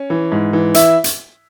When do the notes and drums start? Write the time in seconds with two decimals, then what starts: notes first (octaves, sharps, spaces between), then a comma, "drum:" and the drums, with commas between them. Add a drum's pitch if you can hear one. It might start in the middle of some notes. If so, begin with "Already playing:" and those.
Already playing: C#4
0.10 E3
0.32 G#2
0.53 E3
0.74 E4 E5, drum: hi-hat
1.04 drum: hi-hat